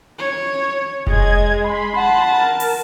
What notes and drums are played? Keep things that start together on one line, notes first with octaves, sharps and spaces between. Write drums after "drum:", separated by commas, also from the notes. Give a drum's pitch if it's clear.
C#5
G#3 D#5 G#6, drum: kick F1
B5 C6
F#5 A5
A#4
drum: open hi-hat